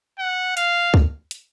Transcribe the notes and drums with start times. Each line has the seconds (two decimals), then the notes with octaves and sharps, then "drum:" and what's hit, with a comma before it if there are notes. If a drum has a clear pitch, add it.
0.19 F#5
0.57 F5, drum: hi-hat
0.94 drum: kick
1.31 drum: hi-hat